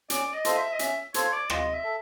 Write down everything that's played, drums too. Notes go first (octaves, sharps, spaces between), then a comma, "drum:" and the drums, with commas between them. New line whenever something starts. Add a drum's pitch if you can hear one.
C#4 D5, drum: hi-hat
D#5
F4 A4 C5, drum: hi-hat
E5
D#5
C#4 E5, drum: hi-hat
F4 A4 C5 C#5, drum: hi-hat
D5
F4 D#5, drum: rim click
E5
A4